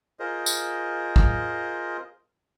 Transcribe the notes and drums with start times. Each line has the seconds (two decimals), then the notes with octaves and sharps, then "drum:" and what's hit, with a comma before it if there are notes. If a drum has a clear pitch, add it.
0.20 F4 G#4 A#4 C5 D#5
0.46 drum: tambourine
1.16 drum: kick